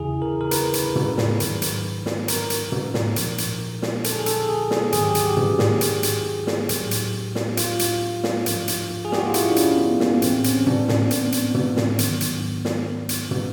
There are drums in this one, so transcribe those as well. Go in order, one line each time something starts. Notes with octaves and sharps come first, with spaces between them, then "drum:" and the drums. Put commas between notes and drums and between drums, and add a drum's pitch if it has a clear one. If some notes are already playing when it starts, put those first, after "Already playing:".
Already playing: E2 C#3 E3 E4 G#4
A#4
A#4
B4, drum: hi-hat
drum: hi-hat
drum: tom
drum: snare
G#2 D#3 F#3, drum: hi-hat
drum: hi-hat
drum: snare
A#4, drum: hi-hat
drum: hi-hat
drum: tom
drum: snare
A#2 F3, drum: hi-hat
drum: hi-hat
drum: snare
A4, drum: hi-hat
G#4
A4, drum: hi-hat
G#4
drum: snare
G#2 D#3 F#3 G#4, drum: hi-hat
G4
F#4, drum: hi-hat
G4
drum: tom
drum: snare
drum: hi-hat
drum: hi-hat
drum: snare
A2 F#3, drum: hi-hat
drum: hi-hat
drum: snare
F4, drum: hi-hat
drum: hi-hat
drum: snare
G#2 F3, drum: hi-hat
drum: hi-hat
G#4
G4, drum: snare
F#4
F4
E4, drum: hi-hat
D4
C#4, drum: hi-hat
B3
A#3, drum: snare
A2 E3 C4, drum: hi-hat
C#4, drum: hi-hat
D4, drum: tom
drum: snare
B3, drum: hi-hat
drum: hi-hat
drum: tom
drum: snare
G#2 D#3 F#3, drum: hi-hat
drum: hi-hat
drum: snare
drum: hi-hat
drum: tom